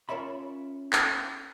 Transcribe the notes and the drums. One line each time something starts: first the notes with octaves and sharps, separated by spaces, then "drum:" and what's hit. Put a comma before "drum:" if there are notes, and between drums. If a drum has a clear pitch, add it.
C#4 F4 A#4 C#5 E5 B5
drum: clap